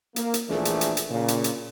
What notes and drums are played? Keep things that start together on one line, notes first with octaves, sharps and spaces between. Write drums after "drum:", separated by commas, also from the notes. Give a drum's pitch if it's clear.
A#3, drum: hi-hat
drum: hi-hat
A#1 E3 A3 D4 G#4, drum: snare
drum: hi-hat
drum: hi-hat
drum: hi-hat
A#2 C#3
drum: hi-hat
drum: hi-hat